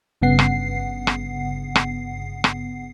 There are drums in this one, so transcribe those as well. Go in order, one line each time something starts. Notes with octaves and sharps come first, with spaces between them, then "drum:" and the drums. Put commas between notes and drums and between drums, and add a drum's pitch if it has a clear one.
G1 G2 C#3 B3 F#5 C7
drum: rim click
drum: rim click
drum: rim click
drum: rim click